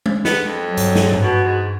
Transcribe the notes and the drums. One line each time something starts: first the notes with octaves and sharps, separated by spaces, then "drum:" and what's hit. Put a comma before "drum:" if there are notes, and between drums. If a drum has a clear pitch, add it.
drum: tom G#3
B3, drum: snare
F2
F#3
G2, drum: hi-hat
drum: snare
drum: tom G#2
B2 F#4
G#2